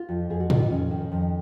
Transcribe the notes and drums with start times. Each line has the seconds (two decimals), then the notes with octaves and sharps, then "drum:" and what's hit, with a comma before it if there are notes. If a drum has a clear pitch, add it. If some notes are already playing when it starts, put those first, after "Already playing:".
Already playing: F4
0.09 F2
0.30 F2 G#4
0.40 F#4
0.50 D#3 F4, drum: tom G#2
0.60 D#4
0.70 F2 C#4
0.91 D#3
1.12 F2